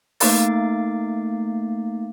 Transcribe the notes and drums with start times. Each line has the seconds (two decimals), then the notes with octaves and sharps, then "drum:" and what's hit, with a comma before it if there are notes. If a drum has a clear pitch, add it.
0.20 A3 A#3 D#4 F5 D6 A6, drum: open hi-hat